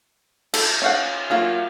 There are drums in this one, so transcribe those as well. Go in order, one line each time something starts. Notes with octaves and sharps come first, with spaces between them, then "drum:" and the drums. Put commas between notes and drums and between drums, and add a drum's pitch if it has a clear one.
A4, drum: cymbal
C#4 F5 F#5
F#3 A#3 F4 F#4